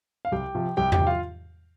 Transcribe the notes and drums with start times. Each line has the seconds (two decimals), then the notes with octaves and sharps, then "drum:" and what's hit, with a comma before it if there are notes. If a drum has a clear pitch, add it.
0.25 F5
0.32 C2 G4 G5
0.55 C3 F3
0.77 C2 G4 G5
0.92 G4 G5, drum: tom E2
0.99 C3 F3
1.07 F4 F5